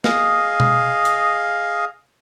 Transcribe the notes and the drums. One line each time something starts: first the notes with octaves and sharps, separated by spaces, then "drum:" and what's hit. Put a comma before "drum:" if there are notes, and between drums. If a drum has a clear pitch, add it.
G#4 D#5 F5, drum: snare
drum: tom B2
drum: hi-hat